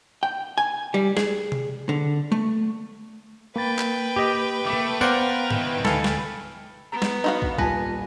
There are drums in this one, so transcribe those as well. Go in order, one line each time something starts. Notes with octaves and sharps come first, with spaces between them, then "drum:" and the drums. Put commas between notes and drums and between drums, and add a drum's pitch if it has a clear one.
G5
G#5
G3
G#4, drum: snare
drum: tom C3
D3
A3
A#3 B4 G5 B5 A6
drum: clap
G4 D#5
A3 A#3 D6
B3 A#4 C5 D5 F5 F#5, drum: tambourine
D#3 E3, drum: tom
D2 A4 F5 G#5 B5, drum: snare
drum: snare
B3 A#5
drum: snare
D#4 F#4 F5
drum: kick
D#1 F4 B4 G#5 A5 A#6, drum: kick